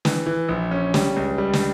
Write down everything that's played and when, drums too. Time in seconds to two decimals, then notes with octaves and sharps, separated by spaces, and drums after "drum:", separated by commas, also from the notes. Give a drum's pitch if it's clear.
0.05 E3, drum: snare
0.26 E3
0.49 A#1
0.71 C#4
0.94 G3, drum: snare
1.16 C#2
1.38 G3
1.53 drum: snare